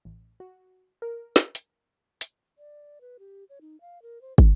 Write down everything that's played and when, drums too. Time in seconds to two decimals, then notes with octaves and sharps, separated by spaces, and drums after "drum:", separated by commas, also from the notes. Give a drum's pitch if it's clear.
0.05 A1
0.40 F#4
1.02 A#4
1.36 drum: snare
1.55 drum: hi-hat
2.21 drum: hi-hat
2.58 D5
3.01 B4
3.19 G4
3.49 C#5
3.61 D#4
3.81 F5
4.02 A#4
4.22 C5
4.38 D#4, drum: kick